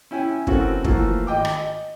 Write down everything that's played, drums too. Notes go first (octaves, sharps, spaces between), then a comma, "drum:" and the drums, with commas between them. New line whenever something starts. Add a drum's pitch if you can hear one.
C#4 E4 G5 G#5
C#3 E3 C4 F#4 A4 A#4, drum: kick
E3 F3 A3 A#3 F#4 A4, drum: kick
G#1 D#5 G5 D6
drum: rim click
D#5